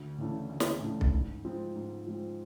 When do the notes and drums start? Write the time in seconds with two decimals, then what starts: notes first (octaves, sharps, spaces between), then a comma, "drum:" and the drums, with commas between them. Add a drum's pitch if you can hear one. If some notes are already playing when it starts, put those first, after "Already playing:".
Already playing: D2
0.18 C#3 E3 A3 D4
0.50 D2
0.60 drum: snare
0.81 C#3 E3 A3 D4
1.01 drum: kick B1
1.13 G#2
1.45 F3 G#3 C4
1.76 G#2
2.06 F3 G#3 C4